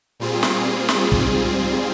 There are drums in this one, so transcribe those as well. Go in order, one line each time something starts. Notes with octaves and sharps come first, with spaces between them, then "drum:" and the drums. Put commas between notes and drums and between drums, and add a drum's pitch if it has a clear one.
A#2 G3 C4 F4 G#4
drum: snare
drum: snare
G#2 G3 C4 F4 G#4, drum: kick